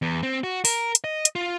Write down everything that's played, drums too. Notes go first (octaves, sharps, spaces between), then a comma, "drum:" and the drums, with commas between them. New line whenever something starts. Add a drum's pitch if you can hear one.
E2
C4
F#4
A#4, drum: open hi-hat
drum: hi-hat
D#5
drum: hi-hat
F4